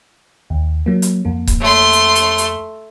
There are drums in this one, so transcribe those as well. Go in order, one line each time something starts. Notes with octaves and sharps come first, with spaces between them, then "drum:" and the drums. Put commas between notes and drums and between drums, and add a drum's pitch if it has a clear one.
D#2
F#3 A#3
drum: hi-hat
F2 A#3
drum: kick C#1, hi-hat
A3 C6
drum: hi-hat
drum: hi-hat
drum: hi-hat